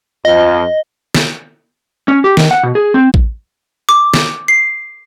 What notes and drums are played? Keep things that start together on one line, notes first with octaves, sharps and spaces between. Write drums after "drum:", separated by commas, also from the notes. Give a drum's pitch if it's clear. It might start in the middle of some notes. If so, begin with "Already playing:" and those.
F2 F3 D#5
drum: snare
C#4
G4
D#3, drum: snare
F#5
B2
G#4
C4
drum: kick A1
D6
drum: snare
C7